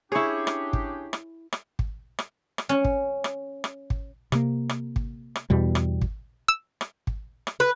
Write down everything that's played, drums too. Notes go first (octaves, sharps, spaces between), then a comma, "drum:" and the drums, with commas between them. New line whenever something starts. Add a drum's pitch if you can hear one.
C#4 D4 E4 G4 G#4 C#5 C#6
drum: rim click
drum: kick
drum: rim click
drum: rim click
drum: kick
drum: rim click
drum: rim click
C#4
drum: kick
drum: rim click
drum: rim click
drum: kick
C3 A#3, drum: rim click
drum: rim click
drum: kick
drum: rim click
E2 B2 G3
drum: rim click
drum: kick
E6
drum: rim click
drum: kick
drum: rim click
B4